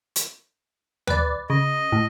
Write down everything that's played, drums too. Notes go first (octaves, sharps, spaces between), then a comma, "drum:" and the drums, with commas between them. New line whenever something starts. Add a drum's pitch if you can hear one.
drum: hi-hat
B4 D5, drum: tom
C#3 D#5
A2